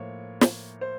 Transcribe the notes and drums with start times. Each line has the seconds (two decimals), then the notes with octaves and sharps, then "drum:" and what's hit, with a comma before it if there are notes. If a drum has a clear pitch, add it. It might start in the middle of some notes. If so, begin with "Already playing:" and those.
Already playing: A2 F3 A#3 C#5
0.41 drum: snare
0.81 C5